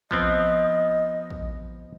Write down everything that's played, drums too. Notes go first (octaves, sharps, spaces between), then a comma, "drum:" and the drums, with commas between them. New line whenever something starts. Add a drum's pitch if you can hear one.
F3 B3 C4 D#5, drum: kick
drum: kick